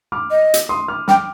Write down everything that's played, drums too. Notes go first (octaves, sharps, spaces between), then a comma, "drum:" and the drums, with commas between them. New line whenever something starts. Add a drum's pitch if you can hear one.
D6 F6
D#5
drum: hi-hat
C6 D#6
D6 F6
G5 D6 F6, drum: snare